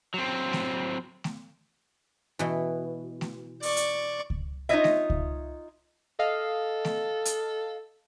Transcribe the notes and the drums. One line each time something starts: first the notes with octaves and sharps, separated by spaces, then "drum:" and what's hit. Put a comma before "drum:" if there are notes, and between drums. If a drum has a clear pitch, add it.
F#3 C4
drum: snare A3
drum: snare A3
B2 E3
drum: snare A3
D5 C#6, drum: open hi-hat
drum: hi-hat
drum: kick C#2
D#4 F4 F#4 C#5 D#5 E5
drum: snare A3
drum: kick C#2
A4 D#5 F5
drum: snare A3
drum: hi-hat